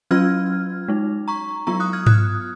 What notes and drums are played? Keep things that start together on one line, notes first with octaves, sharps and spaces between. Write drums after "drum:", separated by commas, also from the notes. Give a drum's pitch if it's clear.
F#3 C#4 F4 F6 G#6
G#3 D#4
A#5 C#6
F#3 B3 F4 A#5 C#6
D#6 F#6
F6 G#6
D#6 F#6, drum: tom G#2